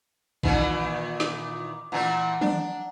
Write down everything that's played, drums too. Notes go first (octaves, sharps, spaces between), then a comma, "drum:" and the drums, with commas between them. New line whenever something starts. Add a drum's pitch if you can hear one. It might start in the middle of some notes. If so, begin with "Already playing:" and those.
A#2 D#3 E3, drum: kick A#1
D6, drum: snare
A#2 E3 A3 F#5 A#5
D4, drum: tom D#3